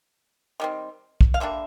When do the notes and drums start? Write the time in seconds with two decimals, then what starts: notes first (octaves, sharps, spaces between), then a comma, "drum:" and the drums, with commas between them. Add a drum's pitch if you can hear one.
0.60 D#3 G3 C4
1.21 drum: kick
1.34 F5
1.40 D3 G3 A#3 D4 E5